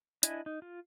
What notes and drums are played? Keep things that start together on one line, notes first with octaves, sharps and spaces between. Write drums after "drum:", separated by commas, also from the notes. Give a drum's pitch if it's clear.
D4 E4 D#5 G#5, drum: hi-hat
D#4
F4